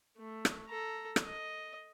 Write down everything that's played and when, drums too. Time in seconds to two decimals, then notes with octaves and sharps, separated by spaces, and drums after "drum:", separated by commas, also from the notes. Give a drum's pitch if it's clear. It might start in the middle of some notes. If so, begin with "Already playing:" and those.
0.18 A3
0.45 drum: rim click
0.69 A4 A#5
1.16 drum: rim click
1.25 D#5